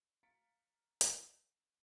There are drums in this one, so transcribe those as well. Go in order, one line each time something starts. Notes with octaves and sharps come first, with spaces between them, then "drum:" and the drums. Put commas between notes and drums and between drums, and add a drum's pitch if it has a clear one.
F5 A#5 A6 B6 C#7 D7
drum: hi-hat